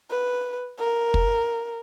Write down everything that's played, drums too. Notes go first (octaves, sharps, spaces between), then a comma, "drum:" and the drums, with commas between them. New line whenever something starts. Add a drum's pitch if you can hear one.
B4
A#4
drum: kick